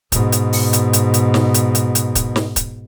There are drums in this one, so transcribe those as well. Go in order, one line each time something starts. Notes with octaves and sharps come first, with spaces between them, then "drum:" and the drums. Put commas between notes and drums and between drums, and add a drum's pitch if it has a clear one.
G#2 B2, drum: kick, hi-hat
drum: hi-hat
drum: open hi-hat
drum: hi-hat
drum: hi-hat
drum: hi-hat
drum: snare
drum: hi-hat
drum: hi-hat
drum: hi-hat
drum: kick, hi-hat
drum: snare
drum: kick, hi-hat